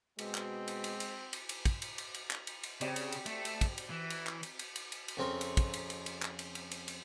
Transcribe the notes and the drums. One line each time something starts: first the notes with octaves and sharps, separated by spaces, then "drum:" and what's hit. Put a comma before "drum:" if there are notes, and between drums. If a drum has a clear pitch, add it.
B2 G#3 C4, drum: cymbal
drum: clap
drum: cymbal
drum: cymbal
drum: cymbal
drum: cymbal
drum: cymbal
drum: kick, cymbal
drum: cymbal
drum: cymbal
drum: cymbal
drum: clap
drum: cymbal
drum: cymbal
C#3 C4 G4 D5, drum: cymbal
drum: cymbal
drum: cymbal
A3, drum: cymbal
drum: cymbal
drum: kick, cymbal
drum: cymbal
E3
drum: cymbal
drum: clap
drum: cymbal
drum: cymbal
drum: cymbal
drum: cymbal
drum: cymbal
F2 C#3 C4 A#4
drum: cymbal
drum: kick, cymbal
drum: cymbal
drum: cymbal
drum: cymbal
drum: clap
drum: cymbal
drum: cymbal
drum: cymbal
drum: cymbal